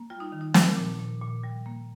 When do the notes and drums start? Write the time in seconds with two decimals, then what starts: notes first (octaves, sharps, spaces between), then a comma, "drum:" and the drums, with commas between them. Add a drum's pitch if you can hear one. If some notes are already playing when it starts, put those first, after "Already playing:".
Already playing: A#3
0.10 G3 F4
0.20 D#4
0.32 D#3
0.41 D#4
0.54 F3 A#4, drum: snare
0.77 A#2
0.99 A#2
1.21 A#2
1.43 G3
1.66 A#3